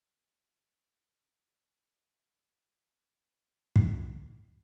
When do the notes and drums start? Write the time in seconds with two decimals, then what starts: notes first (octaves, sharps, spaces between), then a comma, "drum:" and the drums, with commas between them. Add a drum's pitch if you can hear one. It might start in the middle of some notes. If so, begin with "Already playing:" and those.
0.15 F3
0.26 E5
0.41 G2
0.63 D#4
0.77 C#5
1.06 C#5
1.37 B3
1.66 D2
1.81 F#2
2.20 F#5
2.40 C5
2.82 E4 G5
3.76 drum: kick